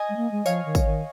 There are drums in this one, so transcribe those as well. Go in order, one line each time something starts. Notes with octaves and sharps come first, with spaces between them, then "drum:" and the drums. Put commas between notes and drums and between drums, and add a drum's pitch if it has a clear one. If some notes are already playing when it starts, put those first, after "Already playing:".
Already playing: D#5 G#5
G#3
A#3
G#3
F3 C#5 F5, drum: tambourine
D#3
drum: kick, tambourine
D#3